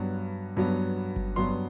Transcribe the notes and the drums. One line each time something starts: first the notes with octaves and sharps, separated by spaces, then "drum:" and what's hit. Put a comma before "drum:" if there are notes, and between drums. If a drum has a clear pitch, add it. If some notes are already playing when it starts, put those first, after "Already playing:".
Already playing: G2 F#3 B3
G2 F#3 B3
drum: kick G1
G2 F#3 B3 C6